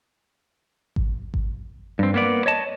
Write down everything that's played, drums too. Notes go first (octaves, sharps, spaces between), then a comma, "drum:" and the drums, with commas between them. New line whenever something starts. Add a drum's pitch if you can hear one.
drum: kick G#1
drum: kick G#1
G2 C4
A#3 B3 D5
C#5 D#5 A5